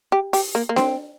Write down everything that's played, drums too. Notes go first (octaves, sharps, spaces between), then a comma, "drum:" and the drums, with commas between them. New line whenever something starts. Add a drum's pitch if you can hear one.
G4
G4, drum: open hi-hat
A#3
A#3
C4, drum: snare D4